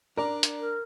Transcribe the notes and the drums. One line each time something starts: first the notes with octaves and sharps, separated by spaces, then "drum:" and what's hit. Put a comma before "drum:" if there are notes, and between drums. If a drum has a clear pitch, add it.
D4 A#4 D5 A#5
drum: hi-hat
A#4